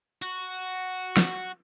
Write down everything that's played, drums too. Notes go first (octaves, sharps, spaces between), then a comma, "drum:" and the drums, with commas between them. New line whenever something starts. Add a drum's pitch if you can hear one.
F#4
drum: snare